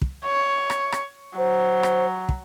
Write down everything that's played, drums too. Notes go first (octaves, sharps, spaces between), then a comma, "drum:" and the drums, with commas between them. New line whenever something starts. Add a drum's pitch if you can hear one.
drum: kick
C#5
drum: rim click
drum: rim click
F#3 C5
drum: rim click
drum: kick